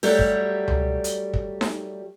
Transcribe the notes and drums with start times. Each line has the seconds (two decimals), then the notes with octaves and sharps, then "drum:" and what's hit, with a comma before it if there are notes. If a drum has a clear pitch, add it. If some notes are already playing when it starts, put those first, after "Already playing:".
0.03 F#3 G3 A3 G4, drum: open hi-hat
0.19 drum: kick
0.68 drum: tom C#2
1.04 drum: hi-hat
1.34 drum: kick
1.61 drum: snare D#4